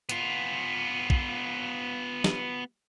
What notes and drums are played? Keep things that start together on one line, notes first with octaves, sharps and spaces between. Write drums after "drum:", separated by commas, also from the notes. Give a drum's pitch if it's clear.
B3 F4, drum: hi-hat
drum: kick
drum: snare